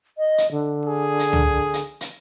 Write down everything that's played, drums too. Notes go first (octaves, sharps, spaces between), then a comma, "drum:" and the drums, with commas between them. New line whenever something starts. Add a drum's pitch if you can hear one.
D#5
drum: hi-hat
D3
G#4
drum: hi-hat
drum: tom C#2
drum: hi-hat
drum: hi-hat